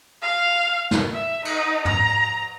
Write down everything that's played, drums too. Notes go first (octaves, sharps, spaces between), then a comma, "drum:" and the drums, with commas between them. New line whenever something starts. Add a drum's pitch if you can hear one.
F5
drum: snare
E5
D#4, drum: cymbal
A#5, drum: tom